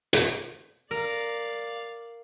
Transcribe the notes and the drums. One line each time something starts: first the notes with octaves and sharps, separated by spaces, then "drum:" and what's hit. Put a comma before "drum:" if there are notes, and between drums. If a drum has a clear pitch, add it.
drum: hi-hat
A#4 D5 F5